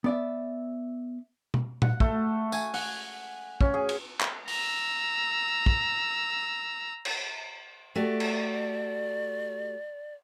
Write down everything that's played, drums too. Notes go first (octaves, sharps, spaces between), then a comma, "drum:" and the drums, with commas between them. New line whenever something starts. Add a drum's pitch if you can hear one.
B3 D5 E5
drum: tom B2
F#5, drum: tom A#2
A3, drum: kick
G#5, drum: tambourine
F#5, drum: open hi-hat
C#4, drum: kick
G#4
drum: cymbal
drum: clap
A#5 E6, drum: open hi-hat
drum: kick
drum: cymbal
A3 F#4 G4 D5
drum: cymbal